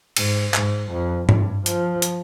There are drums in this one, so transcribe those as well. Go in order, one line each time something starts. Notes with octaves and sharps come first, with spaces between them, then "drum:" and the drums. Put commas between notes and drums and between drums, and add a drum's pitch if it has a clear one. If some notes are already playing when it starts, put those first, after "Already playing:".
G#2, drum: cymbal
G#2, drum: clap
F2
G2, drum: tom G#2
F3, drum: hi-hat
drum: hi-hat